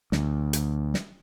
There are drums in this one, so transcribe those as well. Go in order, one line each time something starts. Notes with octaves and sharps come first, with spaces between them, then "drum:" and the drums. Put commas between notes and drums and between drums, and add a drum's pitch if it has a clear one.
D2, drum: snare
drum: hi-hat
drum: snare